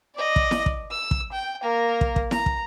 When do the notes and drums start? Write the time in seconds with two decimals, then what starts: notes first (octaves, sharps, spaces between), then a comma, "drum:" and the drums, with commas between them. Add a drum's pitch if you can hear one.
0.15 D5 D#5
0.36 drum: kick
0.51 drum: snare E4
0.66 drum: kick
0.91 E6
1.11 drum: kick
1.32 G5
1.63 A#3 A#4
2.01 drum: kick
2.16 drum: kick
2.31 A#5, drum: snare E4
2.46 drum: kick